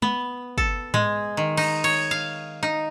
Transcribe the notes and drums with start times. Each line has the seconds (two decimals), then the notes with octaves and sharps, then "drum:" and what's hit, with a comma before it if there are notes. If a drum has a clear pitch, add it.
0.02 B3, drum: tom
0.58 A4, drum: kick
0.94 G#3, drum: tom G#2
1.37 D#3
1.57 D#4, drum: cymbal
1.84 C#5, drum: cymbal
2.11 F5
2.63 D#4